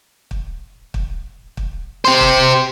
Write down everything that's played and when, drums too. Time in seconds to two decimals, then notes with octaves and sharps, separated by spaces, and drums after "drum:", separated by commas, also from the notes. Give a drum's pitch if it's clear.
0.31 drum: kick
0.94 drum: kick
1.57 drum: kick
2.05 G4 C5
2.21 drum: kick